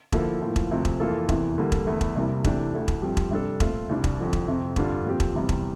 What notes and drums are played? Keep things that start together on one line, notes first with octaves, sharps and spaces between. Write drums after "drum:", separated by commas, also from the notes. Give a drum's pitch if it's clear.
D3 F3 A#3 E4 A4, drum: kick E1
A2 F3 A#3 F4
drum: kick E1
D2 C3 F3 C4
drum: kick E1
F2 E3 A#3 F4 A4
E2 C3 E3, drum: kick E1
D3 G3 A#3
drum: kick E1
E2 D3 A3 E4
drum: kick E1
C2 C3 G3 A#3 E4
C3 E3 A3 D4 G4, drum: kick E1
D2 D3 A3 E4
drum: kick E1
G2 F3 C4 G4
drum: kick E1
C3 G3 D4 A4
A#2 A3 C4 F4, drum: kick E1
C2 C3 G3 D4 G4
drum: kick E1
F2 D3 F3
drum: kick E1
F2 C3 F3 C4
G2 D3 G3 D4 F4, drum: kick E1
A#2 F3 C4 G4
drum: kick E1
E2 C3 G3
drum: kick E1